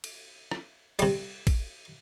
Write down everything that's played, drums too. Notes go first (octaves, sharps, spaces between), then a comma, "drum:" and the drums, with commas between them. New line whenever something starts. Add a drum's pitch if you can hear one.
drum: cymbal
drum: rim click
C3 G3, drum: cymbal
drum: kick A1, cymbal